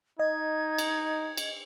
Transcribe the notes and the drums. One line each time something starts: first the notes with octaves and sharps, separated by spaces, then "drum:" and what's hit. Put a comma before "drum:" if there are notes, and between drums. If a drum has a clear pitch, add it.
D#4 D#5 G#6
drum: cymbal
drum: cymbal